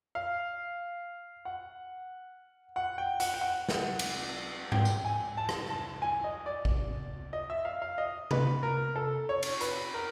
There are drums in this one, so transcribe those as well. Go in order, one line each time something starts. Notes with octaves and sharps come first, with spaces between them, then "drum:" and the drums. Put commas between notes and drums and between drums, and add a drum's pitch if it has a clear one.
F5
F#5
F#5
G5
F#5, drum: hi-hat
G5
F#5
drum: snare
drum: cymbal
G5, drum: tom G#2
drum: tambourine
G#5
A5
drum: rim click
A5
G#5
D#5
D5
drum: kick
D#5
E5
F5
F5
D#5
B4, drum: tom C3
A#4
A4
C#5
drum: cymbal
B4, drum: hi-hat
A#4